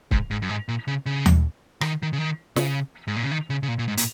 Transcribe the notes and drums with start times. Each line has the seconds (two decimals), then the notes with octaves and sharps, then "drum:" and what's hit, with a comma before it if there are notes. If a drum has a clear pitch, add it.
0.11 G#2, drum: kick C#1
0.31 G#2
0.42 F#2
0.49 G#2
0.69 A#2
0.88 C#3
1.06 C#3
1.26 drum: tom D#2
1.81 D#3, drum: rim click
2.03 D#3
2.13 C#3
2.18 D#3
2.56 C#3, drum: snare
3.08 G#2
3.16 A#2
3.23 C#3
3.32 D#3
3.50 C#3
3.63 C#3
3.68 A#2
3.79 A#2
3.88 G#2
3.97 A#2, drum: hi-hat